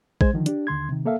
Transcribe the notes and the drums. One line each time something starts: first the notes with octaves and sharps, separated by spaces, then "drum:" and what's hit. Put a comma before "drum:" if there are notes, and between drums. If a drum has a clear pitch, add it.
G#3 C5 G#6, drum: kick
D3 D#3 F3
D4 G4, drum: hi-hat
D#2 D3 C6 G#6
C3 D#3
A#3 A4 E5 F5